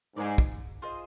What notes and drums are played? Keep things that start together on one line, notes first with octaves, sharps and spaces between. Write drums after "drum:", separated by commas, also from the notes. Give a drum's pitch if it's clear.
G#2 G#4 B4 D5
drum: kick
F4 G#4 C5 D#5